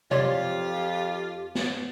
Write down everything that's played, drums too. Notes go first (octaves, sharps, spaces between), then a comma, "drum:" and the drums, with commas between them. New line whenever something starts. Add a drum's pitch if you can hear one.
F2 F4 G4 C#5 D5 C6, drum: tom C3
drum: snare